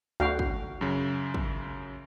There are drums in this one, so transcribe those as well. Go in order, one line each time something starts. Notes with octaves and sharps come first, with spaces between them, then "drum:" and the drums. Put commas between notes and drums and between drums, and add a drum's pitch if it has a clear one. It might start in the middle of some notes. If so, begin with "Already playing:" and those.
D2 F#4 F5 G5
drum: kick
F#2 C#3
drum: kick